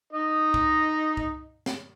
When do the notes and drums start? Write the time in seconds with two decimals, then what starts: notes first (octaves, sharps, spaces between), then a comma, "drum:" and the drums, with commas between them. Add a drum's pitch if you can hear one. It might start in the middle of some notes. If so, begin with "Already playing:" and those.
0.13 D#4 D#5
0.54 drum: kick C2
1.17 drum: kick C2
1.66 drum: snare